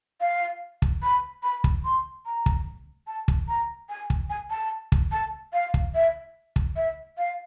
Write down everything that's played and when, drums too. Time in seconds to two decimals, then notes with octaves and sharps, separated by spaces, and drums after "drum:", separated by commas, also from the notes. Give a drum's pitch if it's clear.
0.21 F5
0.82 drum: kick
1.03 B5
1.43 B5
1.64 drum: kick
1.85 C6
2.26 A#5
2.46 drum: kick
3.08 A5
3.28 drum: kick
3.48 A#5
3.90 G#5
4.10 drum: kick
4.30 G#5
4.50 A5
4.92 drum: kick
5.12 A5
5.53 F5
5.74 drum: kick
5.95 E5
6.56 drum: kick
6.76 E5
7.18 F5